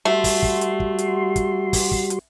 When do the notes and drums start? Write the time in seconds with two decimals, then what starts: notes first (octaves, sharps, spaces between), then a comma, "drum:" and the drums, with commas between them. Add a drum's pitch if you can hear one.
0.05 G3 A3 F#4 C6
0.24 drum: kick, open hi-hat
0.43 drum: kick
0.61 drum: hi-hat
0.80 drum: kick
0.98 drum: hi-hat
1.36 drum: kick, hi-hat
1.73 drum: kick, open hi-hat
1.92 drum: kick
2.10 drum: hi-hat